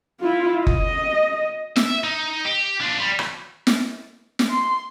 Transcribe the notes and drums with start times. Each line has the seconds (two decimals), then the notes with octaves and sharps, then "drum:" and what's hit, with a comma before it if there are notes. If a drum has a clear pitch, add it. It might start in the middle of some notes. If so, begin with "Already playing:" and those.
0.21 E4 F4
0.67 D#5, drum: kick F#1
1.76 E5, drum: snare
2.04 D#4
2.45 G4
2.80 D4 F4
2.99 G3
3.19 drum: rim click
3.67 drum: snare
4.39 drum: snare
4.51 C6